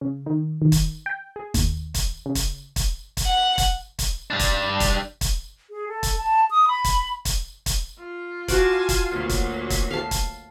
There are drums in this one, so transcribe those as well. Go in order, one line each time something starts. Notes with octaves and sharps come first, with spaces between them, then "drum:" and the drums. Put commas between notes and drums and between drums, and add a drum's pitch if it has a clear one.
C#3
D#3
D#3
drum: kick, hi-hat
G5
G#4
D#2, drum: kick, hi-hat
drum: kick, hi-hat
C#3
drum: kick, hi-hat
drum: kick, hi-hat
drum: kick, hi-hat
F#5
drum: kick, hi-hat
drum: kick, hi-hat
G3 D4
drum: kick, hi-hat
drum: kick, hi-hat
drum: kick, hi-hat
G#4
A4
drum: kick, hi-hat
A5
D#6
B5
drum: kick, hi-hat
drum: kick, hi-hat
drum: kick, hi-hat
F4
F#4 D5 G#5 A5, drum: kick, hi-hat
drum: kick, hi-hat
D2 A#2 F#3
drum: kick, hi-hat
drum: kick, hi-hat
F5 A5
drum: kick, hi-hat